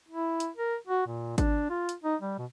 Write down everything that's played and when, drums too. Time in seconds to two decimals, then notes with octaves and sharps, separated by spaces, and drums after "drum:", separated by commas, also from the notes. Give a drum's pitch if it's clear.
0.09 E4
0.40 drum: hi-hat
0.57 A#4
0.87 F#4
1.06 A#2
1.38 D4, drum: kick G#1, hi-hat
1.70 F4
1.89 drum: hi-hat
2.04 D#4
2.21 G3
2.38 B2